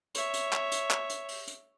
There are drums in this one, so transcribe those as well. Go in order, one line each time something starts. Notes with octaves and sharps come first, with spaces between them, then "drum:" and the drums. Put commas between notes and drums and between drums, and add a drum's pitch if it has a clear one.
C#5 E5, drum: hi-hat
drum: hi-hat
drum: clap
drum: hi-hat
drum: clap
drum: hi-hat
drum: open hi-hat
drum: hi-hat